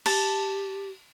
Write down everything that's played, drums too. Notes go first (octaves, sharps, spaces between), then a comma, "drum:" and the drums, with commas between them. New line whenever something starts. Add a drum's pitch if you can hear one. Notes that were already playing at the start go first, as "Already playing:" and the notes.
G4 A5, drum: cymbal